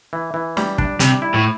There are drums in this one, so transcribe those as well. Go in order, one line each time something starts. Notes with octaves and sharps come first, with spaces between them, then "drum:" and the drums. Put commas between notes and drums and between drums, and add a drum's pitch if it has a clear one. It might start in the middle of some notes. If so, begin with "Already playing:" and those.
E3
E3
G3, drum: snare
D4, drum: kick
C3 G3, drum: hi-hat
E4
A2